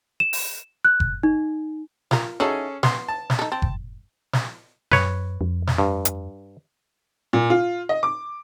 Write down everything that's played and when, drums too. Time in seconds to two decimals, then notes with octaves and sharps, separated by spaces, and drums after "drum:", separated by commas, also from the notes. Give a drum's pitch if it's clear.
0.20 E7
0.33 drum: open hi-hat
0.85 F#6
1.00 drum: kick F#1
1.23 D#4
2.11 F4 A#4, drum: snare
2.40 C#4 D#4 E4 F#4 G#4 A4
2.83 B3 C6, drum: snare
3.08 A5
3.30 drum: snare
3.39 D#4 A4
3.52 C4 A5
3.62 drum: kick F#1
4.33 drum: snare
4.92 F#2 B4 C#5, drum: snare
5.41 F2
5.67 drum: snare
5.78 G2
6.05 drum: hi-hat
7.33 A#2
7.50 F4
7.89 D#5
8.03 D6